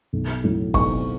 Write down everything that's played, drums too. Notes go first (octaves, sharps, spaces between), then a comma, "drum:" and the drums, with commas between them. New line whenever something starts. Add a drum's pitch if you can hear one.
B1
A2 F#3
B1 C#6, drum: kick